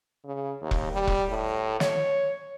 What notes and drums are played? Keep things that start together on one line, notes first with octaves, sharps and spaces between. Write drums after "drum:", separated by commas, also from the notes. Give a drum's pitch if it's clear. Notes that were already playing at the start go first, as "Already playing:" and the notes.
C#3
D#2
drum: kick E1
G3
drum: kick E1
A2
C#5, drum: snare